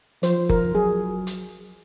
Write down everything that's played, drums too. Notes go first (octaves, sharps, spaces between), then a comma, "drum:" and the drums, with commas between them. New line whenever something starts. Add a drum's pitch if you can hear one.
F3 C5, drum: hi-hat
A#4, drum: kick F#1
F#3 G#4
drum: hi-hat